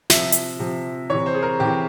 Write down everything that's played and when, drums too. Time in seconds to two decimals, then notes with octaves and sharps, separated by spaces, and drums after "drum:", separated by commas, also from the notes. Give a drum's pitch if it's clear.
0.10 C3 F3 E5, drum: snare
0.32 drum: hi-hat
0.59 C3 F3
1.10 C3 E3 C#5
1.26 C5
1.35 G#4
1.42 A#4
1.60 C3 E3 G4